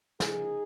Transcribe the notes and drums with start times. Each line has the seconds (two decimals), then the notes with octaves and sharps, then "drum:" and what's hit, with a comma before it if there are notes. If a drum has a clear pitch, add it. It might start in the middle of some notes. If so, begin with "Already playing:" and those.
0.20 C#3 F3 A#3 D#4 G#4, drum: snare